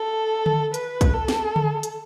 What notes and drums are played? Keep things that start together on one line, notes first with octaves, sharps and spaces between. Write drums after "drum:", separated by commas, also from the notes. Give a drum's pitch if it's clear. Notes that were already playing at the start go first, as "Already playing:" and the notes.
Already playing: A4
drum: tom D3
B4, drum: hi-hat
drum: kick, hi-hat
A4
drum: snare
drum: tom D3
drum: hi-hat